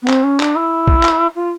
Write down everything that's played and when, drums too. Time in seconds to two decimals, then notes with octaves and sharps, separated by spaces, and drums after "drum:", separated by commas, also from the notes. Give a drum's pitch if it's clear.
0.03 B3
0.08 C4, drum: clap
0.23 C#4
0.40 D4, drum: clap
0.56 E4
0.88 drum: kick
1.03 drum: clap
1.35 F4